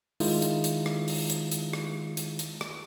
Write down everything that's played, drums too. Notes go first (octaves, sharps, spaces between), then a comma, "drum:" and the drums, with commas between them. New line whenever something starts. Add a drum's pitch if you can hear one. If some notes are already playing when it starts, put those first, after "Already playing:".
D#3 G#3 E4 F4, drum: open hi-hat
drum: hi-hat
drum: hi-hat
drum: rim click
drum: open hi-hat
drum: hi-hat
drum: hi-hat
drum: rim click
drum: hi-hat
drum: hi-hat
drum: rim click